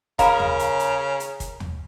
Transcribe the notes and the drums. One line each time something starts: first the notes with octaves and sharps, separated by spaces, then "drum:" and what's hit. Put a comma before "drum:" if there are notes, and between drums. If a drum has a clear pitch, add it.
C#3 A#4 F5 A#5 B5, drum: kick, hi-hat
drum: tom
drum: hi-hat
drum: hi-hat
drum: hi-hat
drum: kick, hi-hat
drum: tom